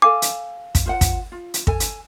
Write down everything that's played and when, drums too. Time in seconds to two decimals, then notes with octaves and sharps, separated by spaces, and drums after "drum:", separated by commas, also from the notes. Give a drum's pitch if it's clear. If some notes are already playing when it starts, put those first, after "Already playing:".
0.02 A4 F5 G#5 D6
0.22 drum: hi-hat
0.75 drum: kick, hi-hat
0.86 F4 C5 F#5
1.01 drum: kick, hi-hat
1.32 F4
1.54 drum: hi-hat
1.67 A4 G#5, drum: kick
1.80 drum: hi-hat